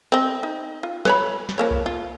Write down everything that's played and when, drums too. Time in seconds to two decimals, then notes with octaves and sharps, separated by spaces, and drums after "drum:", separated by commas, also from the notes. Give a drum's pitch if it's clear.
0.12 C4 D#5
0.43 D#4
0.83 F4
1.05 B4 C#5 B5, drum: snare
1.49 drum: snare
1.58 F3 A#3 C#5
1.71 drum: kick C2
1.86 F4